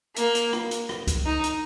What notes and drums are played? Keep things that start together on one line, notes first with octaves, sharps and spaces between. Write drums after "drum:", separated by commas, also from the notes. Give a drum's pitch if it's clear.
A#3, drum: hi-hat
drum: hi-hat
drum: rim click
drum: hi-hat
drum: rim click
drum: kick C2, hi-hat
D#4
drum: hi-hat